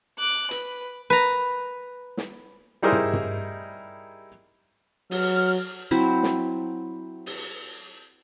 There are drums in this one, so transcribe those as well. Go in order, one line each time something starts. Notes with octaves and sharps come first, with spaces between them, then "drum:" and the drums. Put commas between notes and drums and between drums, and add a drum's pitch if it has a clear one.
D6 F#6
B4, drum: hi-hat
B4 A#5
drum: snare
G3 D#4 E4 G#4 A#4 C5
drum: tom
drum: tom
F#3 F6, drum: open hi-hat
F#3 C4 E4
drum: snare
drum: open hi-hat